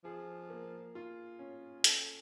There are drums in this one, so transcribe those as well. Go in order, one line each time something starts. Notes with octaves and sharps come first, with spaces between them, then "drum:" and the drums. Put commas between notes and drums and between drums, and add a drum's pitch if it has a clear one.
F3 G#4
A#3
F4
C#4
A4, drum: hi-hat